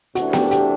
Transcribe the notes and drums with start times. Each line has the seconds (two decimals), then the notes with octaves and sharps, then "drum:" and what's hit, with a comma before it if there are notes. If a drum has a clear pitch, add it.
0.15 E2 C3 E3 A3 D4 F#4, drum: hi-hat
0.33 G4, drum: snare B3
0.51 G4, drum: hi-hat